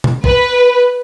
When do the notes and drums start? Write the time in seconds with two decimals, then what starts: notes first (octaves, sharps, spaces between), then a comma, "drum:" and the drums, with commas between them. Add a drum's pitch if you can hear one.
0.04 drum: tom B2
0.24 B4, drum: kick